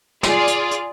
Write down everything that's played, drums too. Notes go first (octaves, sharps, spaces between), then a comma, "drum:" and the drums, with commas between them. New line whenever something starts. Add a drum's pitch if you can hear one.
F4 G#4 D5, drum: snare
drum: hi-hat
drum: hi-hat